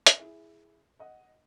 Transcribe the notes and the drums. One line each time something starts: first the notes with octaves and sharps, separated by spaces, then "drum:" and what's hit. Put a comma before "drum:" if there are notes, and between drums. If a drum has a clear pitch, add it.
drum: hi-hat
E4 G#4
D#5 F#5